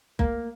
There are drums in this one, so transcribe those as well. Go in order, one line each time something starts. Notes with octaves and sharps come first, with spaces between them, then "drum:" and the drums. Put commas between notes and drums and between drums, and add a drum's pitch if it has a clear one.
A#3, drum: kick